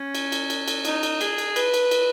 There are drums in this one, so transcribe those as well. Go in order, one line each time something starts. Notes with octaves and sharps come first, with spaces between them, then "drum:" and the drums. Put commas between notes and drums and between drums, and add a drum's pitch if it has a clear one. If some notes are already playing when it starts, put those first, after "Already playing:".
Already playing: C#4
drum: cymbal
drum: cymbal
drum: cymbal
drum: cymbal
D#4, drum: cymbal
drum: cymbal
G#4, drum: cymbal
drum: cymbal
B4, drum: cymbal
drum: cymbal
drum: cymbal